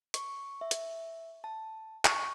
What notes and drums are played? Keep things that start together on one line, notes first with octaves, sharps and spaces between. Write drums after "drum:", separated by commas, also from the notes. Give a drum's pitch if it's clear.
C#6, drum: hi-hat
E5
drum: hi-hat
A5
C#6, drum: clap